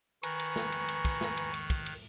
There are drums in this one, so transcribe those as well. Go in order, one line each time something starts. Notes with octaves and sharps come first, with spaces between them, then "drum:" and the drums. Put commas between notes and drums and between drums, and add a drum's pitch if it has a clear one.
D#3 B4 G#5 A#5 C#6 F#6, drum: cymbal
drum: cymbal
drum: snare
drum: cymbal
drum: cymbal
drum: kick, cymbal
drum: snare
drum: cymbal
drum: cymbal
drum: kick, cymbal
drum: cymbal